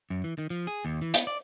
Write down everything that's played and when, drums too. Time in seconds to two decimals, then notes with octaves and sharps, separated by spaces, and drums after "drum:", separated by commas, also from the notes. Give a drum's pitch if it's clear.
0.10 F#2
0.24 E3
0.38 D#3
0.50 F3
0.67 G#4
0.85 D#2
1.01 E3
1.14 B3, drum: hi-hat
1.27 D5